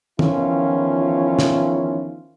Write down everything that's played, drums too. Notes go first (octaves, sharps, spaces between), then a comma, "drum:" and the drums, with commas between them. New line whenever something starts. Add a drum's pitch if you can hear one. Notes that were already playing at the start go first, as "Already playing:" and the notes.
E2 D#3 F3 C#4 E4 F4, drum: tom
drum: snare